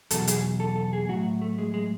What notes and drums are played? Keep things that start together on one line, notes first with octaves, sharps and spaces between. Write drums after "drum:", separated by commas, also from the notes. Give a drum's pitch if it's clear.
E2 B2 F#3 A4, drum: hi-hat
G#4, drum: hi-hat
A4
A4
G#4
A2 F#3 F#4
A3
G#3
G#3